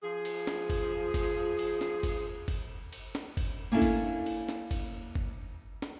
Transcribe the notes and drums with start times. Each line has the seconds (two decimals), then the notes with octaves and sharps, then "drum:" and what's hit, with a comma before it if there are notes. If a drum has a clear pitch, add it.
0.03 F3 G#4
0.25 drum: cymbal
0.47 drum: snare
0.70 drum: kick F#1, cymbal
1.14 drum: kick F#1, cymbal
1.59 drum: cymbal
1.81 drum: snare
2.03 drum: kick F#1, cymbal
2.48 drum: kick F#1, cymbal
2.93 drum: cymbal
3.15 drum: snare
3.37 drum: kick F#1, cymbal
3.72 A#3 C#4 D4 E4 A4
3.82 drum: kick F#1, cymbal
4.26 drum: cymbal
4.49 drum: snare
4.71 drum: kick F#1, cymbal
5.15 drum: kick F#1
5.82 drum: snare